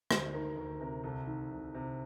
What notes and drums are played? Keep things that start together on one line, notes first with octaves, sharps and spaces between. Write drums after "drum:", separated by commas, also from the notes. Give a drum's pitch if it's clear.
D2 C5, drum: rim click
D#3 A#4
D2 A#4
C3 A#4
C2 A4
D#3
C2
C3